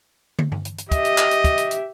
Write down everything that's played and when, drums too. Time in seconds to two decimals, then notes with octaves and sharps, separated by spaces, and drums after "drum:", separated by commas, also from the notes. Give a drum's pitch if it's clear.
0.39 drum: tom
0.52 drum: tom G2
0.65 drum: hi-hat
0.78 drum: hi-hat
0.91 G4 D#5 E5, drum: kick, hi-hat
1.05 drum: hi-hat
1.18 drum: clap
1.31 drum: hi-hat
1.44 drum: kick, hi-hat
1.58 drum: hi-hat
1.71 drum: hi-hat